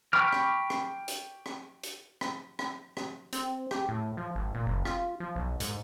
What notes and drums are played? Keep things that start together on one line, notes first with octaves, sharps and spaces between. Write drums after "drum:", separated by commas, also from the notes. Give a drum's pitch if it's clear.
G5 B5 C#6 D6 F6
drum: rim click
drum: rim click
drum: hi-hat
drum: rim click
drum: hi-hat
drum: rim click
drum: rim click
drum: rim click
C4, drum: hi-hat
G4, drum: rim click
A2
F3
G#1
A#2
F#1
F4, drum: rim click
F3
B1
G#2, drum: hi-hat